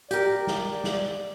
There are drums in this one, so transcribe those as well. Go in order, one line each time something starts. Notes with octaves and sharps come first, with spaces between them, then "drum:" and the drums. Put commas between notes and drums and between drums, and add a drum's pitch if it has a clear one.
G4 A#4 D5, drum: hi-hat
drum: snare
drum: snare